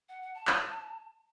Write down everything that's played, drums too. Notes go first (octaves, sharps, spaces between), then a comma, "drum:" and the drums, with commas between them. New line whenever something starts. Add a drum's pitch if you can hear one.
F#5
F#5
A5
drum: clap